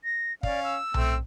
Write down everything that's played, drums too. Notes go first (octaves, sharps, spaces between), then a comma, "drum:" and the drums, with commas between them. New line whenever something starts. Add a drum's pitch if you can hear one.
A#6
C#4 D5 F5, drum: kick
E6
A3 C4, drum: tom B1